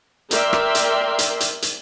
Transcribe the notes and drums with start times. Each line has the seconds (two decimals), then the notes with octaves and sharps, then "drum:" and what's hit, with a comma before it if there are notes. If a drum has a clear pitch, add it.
0.31 A#4 D5 E5 G5 C6, drum: hi-hat
0.53 drum: rim click
0.75 drum: hi-hat
1.19 drum: hi-hat
1.40 drum: hi-hat
1.62 drum: hi-hat